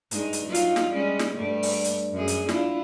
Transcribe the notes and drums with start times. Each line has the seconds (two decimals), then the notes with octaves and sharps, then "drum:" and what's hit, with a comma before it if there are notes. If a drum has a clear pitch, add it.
0.11 G2 G#3 D#4, drum: hi-hat
0.33 drum: hi-hat
0.45 F#3 D#4 F4
0.54 drum: hi-hat
0.76 drum: snare
0.90 G3 G#3 C#4
1.19 drum: snare
1.34 G2 G3 A3
1.63 drum: open hi-hat
1.84 drum: hi-hat
2.13 F#2 G#4
2.28 drum: hi-hat
2.49 D4 E4 F4, drum: snare